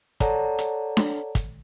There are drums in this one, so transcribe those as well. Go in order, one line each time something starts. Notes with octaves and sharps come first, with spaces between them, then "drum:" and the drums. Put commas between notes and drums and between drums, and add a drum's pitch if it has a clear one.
A4 C#5 D5 F#5 A5 A#5, drum: kick, hi-hat
drum: hi-hat
drum: snare D4
drum: kick, hi-hat